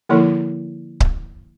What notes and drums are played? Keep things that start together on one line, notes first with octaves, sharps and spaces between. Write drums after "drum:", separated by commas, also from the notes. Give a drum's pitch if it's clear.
D3 F3 A#3 E4 A4
drum: kick C#1